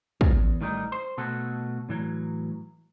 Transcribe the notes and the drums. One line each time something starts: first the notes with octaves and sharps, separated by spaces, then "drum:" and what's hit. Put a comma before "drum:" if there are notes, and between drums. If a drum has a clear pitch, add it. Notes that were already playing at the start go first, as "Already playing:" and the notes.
E2, drum: kick
A2 D#3 G3 D#4
C5
B2 A3 F#4 A4
A2 E3 F#3